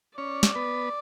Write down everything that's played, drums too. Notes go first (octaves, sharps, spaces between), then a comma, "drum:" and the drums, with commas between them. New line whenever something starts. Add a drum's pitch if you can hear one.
C#4 C#5 D5
drum: snare
B3 B4